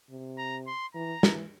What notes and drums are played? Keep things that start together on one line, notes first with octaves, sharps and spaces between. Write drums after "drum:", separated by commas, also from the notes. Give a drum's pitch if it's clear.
C3
A#5
C6
E3 A#5
E3, drum: snare